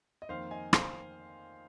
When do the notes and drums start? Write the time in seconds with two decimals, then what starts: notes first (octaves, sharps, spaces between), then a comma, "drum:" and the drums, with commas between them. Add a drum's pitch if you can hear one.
0.22 D#5
0.29 F2 D#3 A#3 C5 F5
0.51 D#5 G#5
0.73 C5 F5, drum: rim click